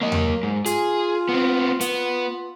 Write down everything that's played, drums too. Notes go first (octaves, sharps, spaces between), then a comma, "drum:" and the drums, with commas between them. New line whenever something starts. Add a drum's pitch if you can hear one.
F#3 A#3 D#5
drum: tom E2
G#2
F4 G#4, drum: hi-hat
B3 C4
B3 F4, drum: hi-hat